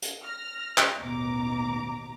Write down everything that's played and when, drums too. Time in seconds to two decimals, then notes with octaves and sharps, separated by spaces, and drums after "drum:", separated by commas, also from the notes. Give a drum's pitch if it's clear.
0.02 drum: hi-hat
0.23 F6 A#6
0.78 drum: clap
1.01 A1 D#2 B2 A#5 D6